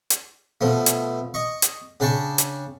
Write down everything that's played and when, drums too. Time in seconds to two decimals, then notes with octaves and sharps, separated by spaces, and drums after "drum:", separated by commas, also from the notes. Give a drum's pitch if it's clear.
0.10 drum: hi-hat
0.61 B2 F3 A3
0.86 drum: hi-hat
1.34 D#5 C#6
1.62 drum: hi-hat
2.00 C#3 D4 G5 A5 C#6
2.38 drum: hi-hat